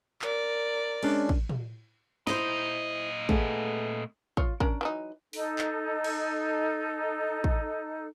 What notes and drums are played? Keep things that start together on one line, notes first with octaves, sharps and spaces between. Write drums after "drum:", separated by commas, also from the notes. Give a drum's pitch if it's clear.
A#4 D5, drum: clap
G#3 C#4 D4, drum: cymbal
drum: kick
drum: tom
A#2 E4 C5 D#5, drum: snare
A3 B3 G#4, drum: kick
F4 C#5, drum: kick
C#4 D4 A#4, drum: kick
E3 F#3 D#4
D#4 A4, drum: open hi-hat
drum: clap
drum: cymbal
drum: kick